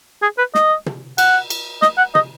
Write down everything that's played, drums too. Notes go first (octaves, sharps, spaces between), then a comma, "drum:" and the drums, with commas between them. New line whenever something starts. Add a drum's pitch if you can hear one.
G#4
B4
D#5, drum: snare
drum: tom
F#5, drum: cymbal
drum: cymbal
D#5, drum: snare
F#5
D#5, drum: tom